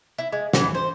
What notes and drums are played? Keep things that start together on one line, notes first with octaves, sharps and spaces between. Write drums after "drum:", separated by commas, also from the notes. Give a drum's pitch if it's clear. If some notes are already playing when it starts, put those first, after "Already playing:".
E4
G#3
E3, drum: snare
C5